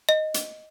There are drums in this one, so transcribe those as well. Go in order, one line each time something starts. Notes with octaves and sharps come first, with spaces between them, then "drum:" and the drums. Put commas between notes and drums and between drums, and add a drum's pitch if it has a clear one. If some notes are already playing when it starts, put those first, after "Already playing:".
D#5
drum: hi-hat